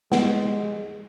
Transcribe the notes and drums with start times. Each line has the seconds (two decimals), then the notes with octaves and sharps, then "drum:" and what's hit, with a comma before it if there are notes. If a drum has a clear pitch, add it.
0.12 G#3 B3, drum: snare